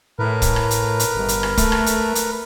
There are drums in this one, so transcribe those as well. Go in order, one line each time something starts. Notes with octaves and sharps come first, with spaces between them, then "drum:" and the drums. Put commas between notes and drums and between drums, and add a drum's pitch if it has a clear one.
A2 A#4 B4
drum: kick, hi-hat
drum: rim click
drum: hi-hat
drum: hi-hat
G1
drum: hi-hat
drum: rim click
A3, drum: kick, hi-hat
drum: rim click
drum: hi-hat
drum: hi-hat